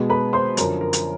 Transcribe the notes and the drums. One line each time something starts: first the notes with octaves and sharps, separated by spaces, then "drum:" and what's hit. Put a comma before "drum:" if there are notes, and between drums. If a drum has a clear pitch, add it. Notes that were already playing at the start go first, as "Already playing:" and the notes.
Already playing: B2 G#3 B3
B4 B5
C5 C6
F#2 D3 F3 A#4 A#5, drum: hi-hat
A#4 A#5
drum: hi-hat